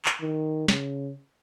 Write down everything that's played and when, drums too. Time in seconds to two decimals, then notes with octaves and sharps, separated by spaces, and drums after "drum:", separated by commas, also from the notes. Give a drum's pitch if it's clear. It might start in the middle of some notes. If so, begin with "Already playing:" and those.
0.05 drum: clap
0.21 D#3
0.68 C#3, drum: snare